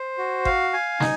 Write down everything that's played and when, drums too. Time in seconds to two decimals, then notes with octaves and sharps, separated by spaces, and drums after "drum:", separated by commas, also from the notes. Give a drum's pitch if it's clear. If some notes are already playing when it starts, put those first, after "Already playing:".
Already playing: C5
0.18 F#4
0.45 F5, drum: kick G1
0.73 G#5
1.00 D#4, drum: snare